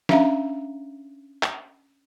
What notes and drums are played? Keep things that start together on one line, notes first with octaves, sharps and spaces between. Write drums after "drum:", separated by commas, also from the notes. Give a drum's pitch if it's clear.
C#4 D4 E5 F5 A#5, drum: snare
drum: clap